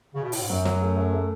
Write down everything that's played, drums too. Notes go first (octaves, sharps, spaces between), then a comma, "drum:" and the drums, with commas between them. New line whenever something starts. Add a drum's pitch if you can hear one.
C#3
B2
A2, drum: open hi-hat
G#2
F#2 F#3
F#3, drum: snare
A3
A3
A3